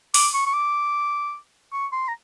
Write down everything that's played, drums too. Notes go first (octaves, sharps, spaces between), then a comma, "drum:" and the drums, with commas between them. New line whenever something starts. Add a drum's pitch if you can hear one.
D6, drum: open hi-hat
C#6
C#6
D6
C#6
C6
A#5